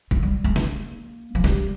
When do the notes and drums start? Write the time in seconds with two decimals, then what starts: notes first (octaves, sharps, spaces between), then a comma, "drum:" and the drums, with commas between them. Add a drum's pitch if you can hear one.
0.11 G#3, drum: kick G1
0.23 G3
0.44 G#3
0.56 A#3, drum: snare
1.35 F3
1.44 G3, drum: snare